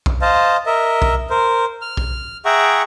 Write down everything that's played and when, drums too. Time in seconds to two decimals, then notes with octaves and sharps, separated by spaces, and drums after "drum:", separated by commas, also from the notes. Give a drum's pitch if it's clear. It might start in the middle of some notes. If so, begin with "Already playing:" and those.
0.06 drum: kick
0.22 C5 D#5 F5 A5
0.66 A#4 D#5 E5
1.02 drum: kick
1.30 A#4 C5
1.82 F6
1.97 drum: kick
2.45 G#4 E5 F#5 G5 A#5 C#6